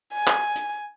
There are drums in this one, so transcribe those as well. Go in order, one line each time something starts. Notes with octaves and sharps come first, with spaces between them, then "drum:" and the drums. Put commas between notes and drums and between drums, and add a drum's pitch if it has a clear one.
G#5
drum: clap
drum: hi-hat